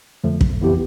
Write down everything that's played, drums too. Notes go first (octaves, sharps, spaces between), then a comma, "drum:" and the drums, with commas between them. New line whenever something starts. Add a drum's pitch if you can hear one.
F2 D3 F3 A3
drum: kick
F2 E3 B3 E4 G4